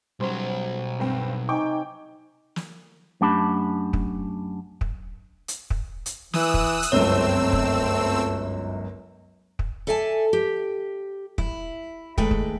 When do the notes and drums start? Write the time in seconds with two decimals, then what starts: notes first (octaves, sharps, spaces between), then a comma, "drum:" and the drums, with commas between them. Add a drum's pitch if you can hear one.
0.20 B1 F#3 G3 C#4 C5
1.00 G2 C4
1.49 C3 D#4 G5 G#5 C#6 D6
2.56 drum: snare
3.21 F#2 A3 D4 G4 A5 B5
3.93 drum: kick
4.81 drum: kick
5.48 drum: hi-hat
5.70 drum: kick
6.06 drum: hi-hat
6.33 E3 D#6 E6 F#6, drum: snare
6.54 drum: kick
6.82 drum: hi-hat
6.92 G1 C#2 F#2 A3 C4 C#5 E6
7.53 drum: kick
9.59 drum: kick
9.87 A4 D5 E5 G#5 A5
10.33 G4
11.38 E4, drum: kick
12.18 D#2 G#3 A3 B4 G5, drum: kick
12.31 drum: kick